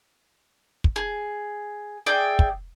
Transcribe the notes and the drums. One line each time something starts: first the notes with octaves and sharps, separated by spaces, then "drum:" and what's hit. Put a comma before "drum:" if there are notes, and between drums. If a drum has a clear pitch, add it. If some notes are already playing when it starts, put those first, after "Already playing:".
drum: kick
G#4
G#4 D5 E5 G5
drum: kick